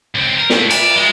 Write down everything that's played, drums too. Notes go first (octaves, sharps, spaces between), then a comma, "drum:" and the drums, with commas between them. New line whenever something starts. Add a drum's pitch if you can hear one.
C#2 C4
A#4
A3 C4, drum: snare
D5, drum: cymbal
G#3